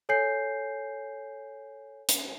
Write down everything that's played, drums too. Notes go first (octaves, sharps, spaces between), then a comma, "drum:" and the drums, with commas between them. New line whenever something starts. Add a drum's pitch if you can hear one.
A4 C#5 G#5 G6 C7
drum: hi-hat